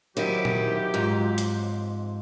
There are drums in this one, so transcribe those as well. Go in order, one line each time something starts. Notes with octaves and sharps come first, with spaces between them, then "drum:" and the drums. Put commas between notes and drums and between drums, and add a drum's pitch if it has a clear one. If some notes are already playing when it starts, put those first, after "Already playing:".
D#3 F#3 C4 E4 G4
drum: tom A#2
F2 G#2
drum: hi-hat